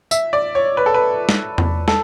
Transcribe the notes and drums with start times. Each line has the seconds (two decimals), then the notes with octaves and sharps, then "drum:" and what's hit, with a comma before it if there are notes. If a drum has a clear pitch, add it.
0.11 E5, drum: tambourine
0.33 D5
0.55 C#5
0.77 B4
0.86 A4
0.94 B4
1.29 drum: snare
1.58 drum: tom E2
1.88 A4, drum: snare